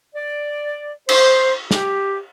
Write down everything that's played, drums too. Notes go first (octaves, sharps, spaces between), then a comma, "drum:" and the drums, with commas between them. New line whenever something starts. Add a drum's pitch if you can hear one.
D5
C5, drum: cymbal
G4, drum: snare